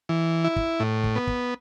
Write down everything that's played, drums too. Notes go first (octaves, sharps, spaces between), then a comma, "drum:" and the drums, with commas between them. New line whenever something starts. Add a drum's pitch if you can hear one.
E3
E4
drum: kick
A2
drum: kick
B3
drum: kick